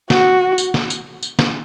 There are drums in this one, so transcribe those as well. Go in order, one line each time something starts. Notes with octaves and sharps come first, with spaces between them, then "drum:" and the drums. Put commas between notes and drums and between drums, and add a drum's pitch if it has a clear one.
F#4, drum: snare
drum: tambourine
drum: snare
drum: tambourine
drum: tambourine
drum: snare